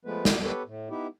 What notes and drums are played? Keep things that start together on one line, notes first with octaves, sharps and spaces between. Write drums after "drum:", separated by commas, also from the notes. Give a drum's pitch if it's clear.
F3 G#3 A3 B3 B4
D#4 E4 F#4 A#4 D5 D#5, drum: snare
B3 G4 A4 B4 C#5
A2
B3 D#4 E4 G4